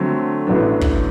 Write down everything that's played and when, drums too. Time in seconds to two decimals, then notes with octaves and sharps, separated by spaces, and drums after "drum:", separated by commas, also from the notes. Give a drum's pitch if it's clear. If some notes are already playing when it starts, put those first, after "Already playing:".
Already playing: D3 F#3 A3 C4
0.47 A1 A2 F#3 B3 D4
0.81 drum: kick